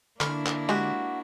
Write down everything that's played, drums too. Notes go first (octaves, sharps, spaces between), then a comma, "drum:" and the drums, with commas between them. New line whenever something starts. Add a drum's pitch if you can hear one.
D3 A#3 D4 E4 B5 C#6 F6, drum: clap
drum: clap
G#3 F#4 G4